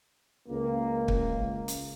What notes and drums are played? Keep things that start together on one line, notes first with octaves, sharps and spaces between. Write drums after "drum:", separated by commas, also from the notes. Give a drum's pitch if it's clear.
C#2 A#3
drum: kick
drum: hi-hat